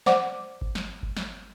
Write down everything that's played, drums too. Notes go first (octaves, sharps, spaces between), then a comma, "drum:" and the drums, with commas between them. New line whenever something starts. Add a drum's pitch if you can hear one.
C5 D5 F#5 D6, drum: snare
drum: kick G1
drum: snare
drum: kick G1
drum: snare